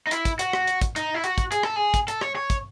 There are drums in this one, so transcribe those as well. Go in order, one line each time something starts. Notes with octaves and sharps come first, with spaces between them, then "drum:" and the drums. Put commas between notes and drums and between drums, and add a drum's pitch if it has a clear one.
D#4
E4, drum: hi-hat
drum: kick, hi-hat
F#4, drum: hi-hat
drum: rim click
drum: hi-hat
drum: kick, hi-hat
D#4, drum: hi-hat
E4
F#4, drum: hi-hat
drum: kick, hi-hat
G#4, drum: hi-hat
A4, drum: rim click
G#4
drum: kick, hi-hat
A4, drum: hi-hat
C#5, drum: rim click
C#5
drum: kick, hi-hat